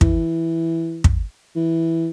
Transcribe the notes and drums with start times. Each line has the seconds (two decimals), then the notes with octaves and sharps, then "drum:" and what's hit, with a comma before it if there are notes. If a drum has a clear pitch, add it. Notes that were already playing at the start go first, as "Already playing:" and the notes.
0.01 E3, drum: kick
1.04 drum: kick
1.56 E3